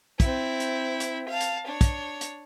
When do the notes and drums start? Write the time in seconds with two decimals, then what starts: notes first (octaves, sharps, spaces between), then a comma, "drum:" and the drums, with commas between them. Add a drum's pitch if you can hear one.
0.20 C4 E4, drum: kick, hi-hat
0.60 drum: hi-hat
1.00 drum: hi-hat
1.29 F5 A5
1.41 drum: hi-hat
1.68 D4 C#5
1.81 drum: kick, hi-hat
2.21 drum: hi-hat